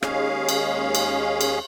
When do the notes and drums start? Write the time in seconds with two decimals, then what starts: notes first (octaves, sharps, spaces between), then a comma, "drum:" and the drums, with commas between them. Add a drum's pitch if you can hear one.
0.03 D#2 G#3 C#4 G#4 F5, drum: rim click
0.49 drum: cymbal
0.95 drum: cymbal
1.41 drum: cymbal